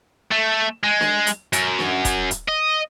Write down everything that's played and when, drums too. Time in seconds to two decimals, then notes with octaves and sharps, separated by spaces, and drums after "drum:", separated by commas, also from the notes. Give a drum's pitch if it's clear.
0.31 A3
0.83 G#3
1.01 drum: snare
1.27 drum: hi-hat
1.53 F#2, drum: hi-hat
1.79 drum: snare
2.05 drum: kick E1, hi-hat
2.31 drum: hi-hat
2.48 D#5